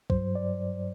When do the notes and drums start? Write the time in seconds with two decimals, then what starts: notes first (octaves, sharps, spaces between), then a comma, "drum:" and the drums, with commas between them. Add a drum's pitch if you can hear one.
0.10 G2 F#3 C5, drum: kick
0.35 D5